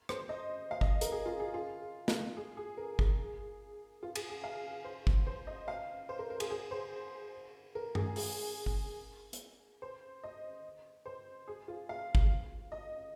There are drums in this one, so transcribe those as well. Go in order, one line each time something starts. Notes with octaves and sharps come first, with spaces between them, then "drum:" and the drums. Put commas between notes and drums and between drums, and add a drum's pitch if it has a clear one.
C5, drum: rim click
D#5
F5
D#5, drum: kick G1
A#4, drum: hi-hat
G#4
F4
G#4
F4
drum: snare
G#4
G#4
A#4
G#4, drum: kick G1
F4
G#4, drum: cymbal
G#4
F5
C5
drum: kick G1
C5
D#5
F5
C5
A#4
A#4
G#4, drum: cymbal
G#4
C5
A#4
G#4, drum: tom G2
G#4, drum: open hi-hat
drum: kick G1
drum: hi-hat
C5
D#5
C5
G#4
F4
F5
drum: kick G1
D#5